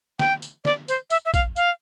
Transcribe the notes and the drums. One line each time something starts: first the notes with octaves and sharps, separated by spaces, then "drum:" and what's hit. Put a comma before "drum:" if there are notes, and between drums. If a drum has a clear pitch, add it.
G5, drum: snare
drum: tambourine
D5, drum: snare
C5, drum: tambourine
E5, drum: tambourine
E5
F5, drum: kick A#1, tambourine
F5, drum: tambourine